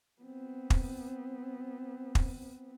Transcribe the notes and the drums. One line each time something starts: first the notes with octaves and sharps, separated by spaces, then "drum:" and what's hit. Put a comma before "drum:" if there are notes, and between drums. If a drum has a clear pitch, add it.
B3 C4
drum: kick
drum: kick